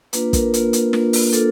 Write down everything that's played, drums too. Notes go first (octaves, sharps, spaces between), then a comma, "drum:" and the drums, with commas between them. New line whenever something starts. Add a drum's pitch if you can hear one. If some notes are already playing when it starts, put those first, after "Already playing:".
A#3 D4 F4 B4, drum: hi-hat
A#4, drum: kick, hi-hat
A#3 D4 F4, drum: hi-hat
drum: hi-hat
A#3 D4 F4, drum: snare
drum: open hi-hat
A#3 D4 F4 A4, drum: hi-hat